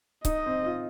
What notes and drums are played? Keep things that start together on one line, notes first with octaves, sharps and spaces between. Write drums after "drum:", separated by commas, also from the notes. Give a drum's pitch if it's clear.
D#4 D#5, drum: kick C#1, hi-hat
C4
F4